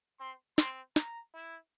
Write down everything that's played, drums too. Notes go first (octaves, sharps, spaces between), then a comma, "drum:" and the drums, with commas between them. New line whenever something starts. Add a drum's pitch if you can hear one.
C4 C6
C4 C6, drum: snare
A#5, drum: snare
E4